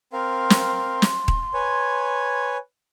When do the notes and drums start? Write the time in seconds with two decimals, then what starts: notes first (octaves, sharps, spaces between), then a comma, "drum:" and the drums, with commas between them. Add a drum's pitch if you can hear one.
0.13 C4 A#4 F5 C6
0.50 drum: snare
1.02 drum: snare
1.28 drum: kick D#1
1.54 B4 C#5 G#5